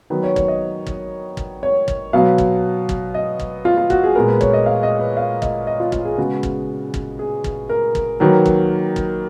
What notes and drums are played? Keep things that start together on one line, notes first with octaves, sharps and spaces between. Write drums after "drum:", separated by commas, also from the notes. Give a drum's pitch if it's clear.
D#3 F#3 B3 B4
C#5
C#5, drum: kick
D#5
drum: kick
drum: kick
C#5
drum: kick
B2 F#3 B3 F5
drum: kick
drum: kick
D#5
drum: kick
F4
F4
F#4, drum: kick
G#4
A#2 G#3 B3 A#4
B4
C#5, drum: kick
D#5
F5
D#5
B4
F5
D#5, drum: kick
D#5
F4
F4, drum: kick
G#4
C#3 G#3 B3 F#4
drum: kick
drum: kick
G#4
drum: kick
A#4
drum: kick
D#3 F#3 A#3 B4
drum: kick
drum: kick